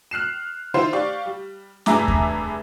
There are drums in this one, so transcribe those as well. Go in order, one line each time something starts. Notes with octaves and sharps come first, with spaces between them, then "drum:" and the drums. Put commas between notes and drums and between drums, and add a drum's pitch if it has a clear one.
F6 F#6 C7 E7
D#3 E4 F4 C5
G4 D5 F5 C#6
G3
F1 G2 G#4 E5 A#5 D6, drum: snare
drum: kick D#2